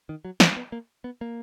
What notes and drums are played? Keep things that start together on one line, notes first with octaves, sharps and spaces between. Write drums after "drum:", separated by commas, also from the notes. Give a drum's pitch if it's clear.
D#3
F#3
G#3, drum: snare
B3
A#3
B3
A#3